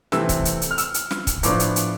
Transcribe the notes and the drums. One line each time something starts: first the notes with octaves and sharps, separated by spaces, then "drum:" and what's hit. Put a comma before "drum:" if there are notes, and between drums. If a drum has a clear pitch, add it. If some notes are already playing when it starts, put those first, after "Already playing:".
C3 E3 A3 C4 E6, drum: snare
drum: kick, hi-hat
drum: hi-hat
drum: hi-hat
F6
E6, drum: hi-hat
drum: hi-hat
drum: snare
drum: kick, hi-hat
A2 F3 B3 D4 D6, drum: hi-hat
drum: hi-hat
drum: hi-hat